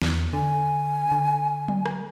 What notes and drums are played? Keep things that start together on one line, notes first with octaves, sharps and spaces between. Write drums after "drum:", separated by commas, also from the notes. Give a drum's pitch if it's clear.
E2, drum: snare
D3 G#5
D3
drum: tom F#3
drum: rim click